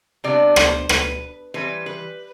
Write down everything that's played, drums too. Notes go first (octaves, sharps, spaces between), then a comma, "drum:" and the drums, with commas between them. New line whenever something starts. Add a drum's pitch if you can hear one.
C3 G3 B3 D4 D5
C5, drum: rim click
B4, drum: rim click
E3 G3 C4 B4
B4